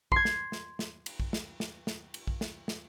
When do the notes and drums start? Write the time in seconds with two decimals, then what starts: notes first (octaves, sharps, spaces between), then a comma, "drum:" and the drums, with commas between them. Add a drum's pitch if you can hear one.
0.12 C6 G#6, drum: kick A#1
0.25 drum: snare
0.52 drum: snare
0.79 drum: snare
1.06 drum: cymbal
1.20 drum: kick A#1
1.33 drum: snare
1.60 drum: snare
1.87 drum: snare
2.14 drum: cymbal
2.27 drum: kick A#1
2.41 drum: snare
2.68 drum: snare